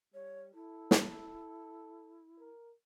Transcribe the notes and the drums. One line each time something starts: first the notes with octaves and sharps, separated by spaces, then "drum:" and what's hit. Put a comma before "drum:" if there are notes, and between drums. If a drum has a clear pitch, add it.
G3 C#5
E4 A4
drum: snare
A#4